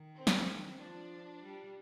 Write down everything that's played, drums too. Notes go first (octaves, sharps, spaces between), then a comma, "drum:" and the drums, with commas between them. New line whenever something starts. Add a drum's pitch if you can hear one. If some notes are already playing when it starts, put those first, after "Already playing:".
Already playing: D#3
C4
drum: snare
F3 D4
G3